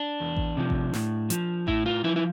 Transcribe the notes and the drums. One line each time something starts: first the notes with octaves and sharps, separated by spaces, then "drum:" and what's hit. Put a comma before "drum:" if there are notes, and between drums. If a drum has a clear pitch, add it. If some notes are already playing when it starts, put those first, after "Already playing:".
Already playing: D4
E2
drum: kick A1
C3 F3
drum: kick A1
A2, drum: snare
F3, drum: hi-hat
A2 E4, drum: kick A1
F4
F3 E4
E4